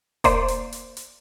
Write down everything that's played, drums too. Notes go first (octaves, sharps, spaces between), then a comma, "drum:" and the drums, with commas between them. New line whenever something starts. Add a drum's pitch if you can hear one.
A#3 C5 D5, drum: kick E1, hi-hat
drum: hi-hat
drum: hi-hat
drum: hi-hat